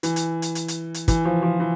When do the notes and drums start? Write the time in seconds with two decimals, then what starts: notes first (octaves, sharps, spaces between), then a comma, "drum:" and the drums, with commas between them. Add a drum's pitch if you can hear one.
0.03 E3, drum: hi-hat
0.16 drum: hi-hat
0.42 drum: hi-hat
0.55 drum: hi-hat
0.68 drum: hi-hat
0.94 drum: hi-hat
1.08 E3, drum: kick, hi-hat
1.25 F3
1.43 F3
1.60 E3